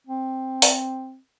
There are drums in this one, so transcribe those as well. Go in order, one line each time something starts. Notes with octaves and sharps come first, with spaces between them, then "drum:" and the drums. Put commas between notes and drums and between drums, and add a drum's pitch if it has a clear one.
C4
drum: open hi-hat